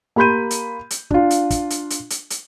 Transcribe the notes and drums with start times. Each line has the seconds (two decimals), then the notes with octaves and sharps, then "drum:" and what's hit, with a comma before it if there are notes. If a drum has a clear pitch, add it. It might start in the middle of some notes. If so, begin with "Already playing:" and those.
0.16 A#3 G4 B5 C6 G6 D#7
0.51 drum: hi-hat
0.91 drum: hi-hat
1.10 D4 F4, drum: kick
1.30 drum: hi-hat
1.50 drum: kick, hi-hat
1.70 drum: hi-hat
1.90 drum: hi-hat
2.10 drum: hi-hat
2.30 drum: hi-hat